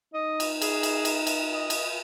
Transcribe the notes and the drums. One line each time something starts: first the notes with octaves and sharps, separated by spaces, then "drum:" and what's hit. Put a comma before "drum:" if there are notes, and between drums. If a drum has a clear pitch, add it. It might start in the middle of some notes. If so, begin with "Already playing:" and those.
D#4 D#5
drum: cymbal
G#4, drum: cymbal
drum: cymbal
drum: cymbal
drum: cymbal
D#5
drum: cymbal